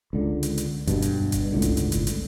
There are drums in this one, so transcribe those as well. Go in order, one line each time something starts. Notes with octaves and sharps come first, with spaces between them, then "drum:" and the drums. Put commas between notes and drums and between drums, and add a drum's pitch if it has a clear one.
C#2 D3
drum: hi-hat
drum: hi-hat
G2 B2, drum: kick F#1, hi-hat
drum: hi-hat
drum: kick F#1, hi-hat
G1 C#2 A2 D3
drum: kick F#1, hi-hat
drum: hi-hat
drum: kick F#1, hi-hat
drum: hi-hat